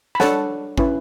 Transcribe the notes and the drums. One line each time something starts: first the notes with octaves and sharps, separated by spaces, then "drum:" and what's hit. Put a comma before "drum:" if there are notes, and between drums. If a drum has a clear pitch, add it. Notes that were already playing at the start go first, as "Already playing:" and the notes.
B5
D4 A4 C#5 F#5 A5, drum: snare
C#4 E4 B4, drum: kick